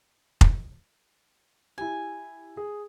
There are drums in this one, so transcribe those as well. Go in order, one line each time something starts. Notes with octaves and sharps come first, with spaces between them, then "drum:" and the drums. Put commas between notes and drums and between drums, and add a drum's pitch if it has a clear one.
drum: kick F1
E4 G4 G#5
G#4